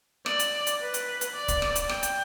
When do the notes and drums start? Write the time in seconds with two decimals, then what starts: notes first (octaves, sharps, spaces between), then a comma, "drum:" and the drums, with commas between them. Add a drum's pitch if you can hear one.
0.26 D5, drum: rim click
0.40 drum: hi-hat
0.67 drum: hi-hat
0.81 B4
0.94 drum: hi-hat
1.21 drum: hi-hat
1.35 D5
1.48 drum: kick, hi-hat
1.62 drum: rim click
1.76 drum: hi-hat
1.89 G5, drum: rim click
2.03 drum: hi-hat